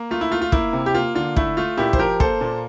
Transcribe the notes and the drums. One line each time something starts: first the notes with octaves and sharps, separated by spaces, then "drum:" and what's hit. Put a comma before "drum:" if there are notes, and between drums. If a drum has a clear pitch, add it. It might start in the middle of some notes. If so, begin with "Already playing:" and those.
Already playing: A#3
A3 F4
E4
A3 F4
F4
A#3 E4, drum: kick
C3
G4
A#3 F4
D3 F4
A3 E4, drum: kick
A3 F4
A#2 E4 G4
C5, drum: kick
F3 G4 A#4
A#3 A4 C5, drum: kick
A#2